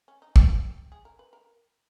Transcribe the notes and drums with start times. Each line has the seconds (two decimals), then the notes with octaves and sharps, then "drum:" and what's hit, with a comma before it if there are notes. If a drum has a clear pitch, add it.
0.08 C#4
0.22 D#4
0.36 G4, drum: kick
0.92 G#4
1.05 A#4
1.19 B4
1.33 A#4